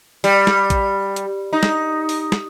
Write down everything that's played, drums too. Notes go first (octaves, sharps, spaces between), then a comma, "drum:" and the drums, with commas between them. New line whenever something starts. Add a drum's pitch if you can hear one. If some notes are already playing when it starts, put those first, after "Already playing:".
G3, drum: open hi-hat
drum: snare
drum: kick A#1, hi-hat
drum: hi-hat
D#4
drum: snare
drum: open hi-hat
drum: snare